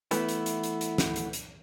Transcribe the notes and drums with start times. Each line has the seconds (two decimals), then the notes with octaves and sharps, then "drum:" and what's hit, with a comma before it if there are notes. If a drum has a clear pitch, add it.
0.11 E3 A3 B3 E4, drum: hi-hat
0.29 drum: hi-hat
0.46 drum: hi-hat
0.63 drum: hi-hat
0.81 drum: hi-hat
0.98 drum: snare
1.16 drum: hi-hat
1.33 drum: hi-hat